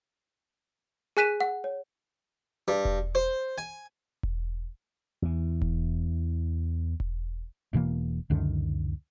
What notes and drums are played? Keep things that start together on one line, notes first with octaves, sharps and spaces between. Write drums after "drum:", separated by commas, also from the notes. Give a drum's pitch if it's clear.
G#4 G#5 F#6 B6 D#7 E7
F#5
C#5
G2
drum: kick E1
C5
G#5
drum: kick E1
E2 E3
drum: kick E1
drum: kick E1
E1 B2 E3 A#3
C#2 F#2 D3 D#3